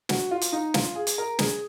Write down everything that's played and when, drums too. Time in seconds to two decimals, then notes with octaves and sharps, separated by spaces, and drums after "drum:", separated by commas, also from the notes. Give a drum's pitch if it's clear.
0.09 F#4, drum: snare
0.31 F4
0.41 drum: hi-hat
0.52 D#4
0.74 F4, drum: snare
0.95 G#4
1.07 drum: hi-hat
1.18 A#4
1.39 G#4, drum: snare